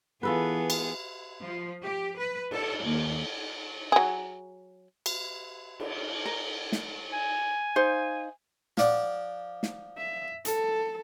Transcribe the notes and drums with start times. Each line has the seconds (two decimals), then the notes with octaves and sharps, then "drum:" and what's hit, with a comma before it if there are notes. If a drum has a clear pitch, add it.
0.23 E3 B3 F4 G#4 A4 B4
0.70 drum: cymbal
1.44 F3
1.84 G4
2.19 B4
2.51 A4, drum: cymbal
2.84 D#2
3.92 F#3 G#4
5.06 drum: cymbal
5.80 drum: cymbal
6.26 A#4
6.72 drum: snare
7.13 G#5
7.76 D#4 C5 F5
8.77 F3 D5 F#5, drum: snare
9.63 drum: snare
9.97 E5
10.45 A4, drum: hi-hat